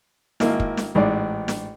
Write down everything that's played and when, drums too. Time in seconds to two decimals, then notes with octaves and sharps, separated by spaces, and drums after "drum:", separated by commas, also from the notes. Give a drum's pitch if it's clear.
0.40 G#1 A#3 E4, drum: snare
0.60 drum: kick
0.77 drum: snare
0.95 A1 G#2 D5
1.48 drum: snare